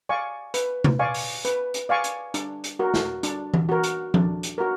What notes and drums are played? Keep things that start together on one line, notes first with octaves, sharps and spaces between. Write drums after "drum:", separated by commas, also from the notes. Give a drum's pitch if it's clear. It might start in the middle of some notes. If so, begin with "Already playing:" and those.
D5 F5 G#5 C#6
B4, drum: hi-hat
drum: tom C3
D5 F5 G#5 C#6
drum: open hi-hat
B4, drum: hi-hat
drum: hi-hat
D5 F5 G#5 C#6
drum: hi-hat
D4, drum: hi-hat
drum: hi-hat
F#4 A#4
drum: snare
D4, drum: hi-hat
drum: tom E3
F#4 A#4
drum: hi-hat
D4, drum: tom F3
drum: hi-hat
F#4 A#4